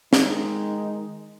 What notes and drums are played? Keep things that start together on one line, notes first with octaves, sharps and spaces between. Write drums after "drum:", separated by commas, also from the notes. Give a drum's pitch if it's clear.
D#3 G#3 D#4, drum: snare